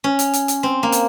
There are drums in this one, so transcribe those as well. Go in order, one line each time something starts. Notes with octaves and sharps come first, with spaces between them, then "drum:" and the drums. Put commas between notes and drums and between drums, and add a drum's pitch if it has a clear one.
C#4
drum: hi-hat
drum: hi-hat
drum: hi-hat
C4
A#3
drum: hi-hat